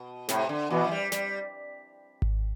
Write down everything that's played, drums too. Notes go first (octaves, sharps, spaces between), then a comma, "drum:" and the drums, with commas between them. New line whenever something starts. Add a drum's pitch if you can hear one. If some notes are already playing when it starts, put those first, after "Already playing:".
Already playing: B2
A2 C3, drum: snare
D3
B2 E3
F3
G3
G3, drum: snare
drum: kick G#1